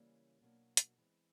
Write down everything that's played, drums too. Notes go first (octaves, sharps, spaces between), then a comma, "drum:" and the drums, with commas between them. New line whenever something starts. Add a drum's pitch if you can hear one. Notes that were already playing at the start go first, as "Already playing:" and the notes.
Already playing: C#3 E3 G3 A#3 C#4
B2 F#3 A#3 D4
drum: hi-hat
E3 G#3 C4